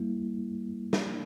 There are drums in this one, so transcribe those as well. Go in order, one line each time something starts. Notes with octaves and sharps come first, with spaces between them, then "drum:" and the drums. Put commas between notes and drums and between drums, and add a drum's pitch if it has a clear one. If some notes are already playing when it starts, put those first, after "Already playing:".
Already playing: G3 A#3 E4
drum: snare